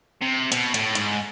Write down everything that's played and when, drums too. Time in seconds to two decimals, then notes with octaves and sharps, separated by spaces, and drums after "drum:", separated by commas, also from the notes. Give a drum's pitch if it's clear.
0.22 C3
0.52 B2, drum: hi-hat
0.74 A2, drum: hi-hat
0.95 G#2, drum: hi-hat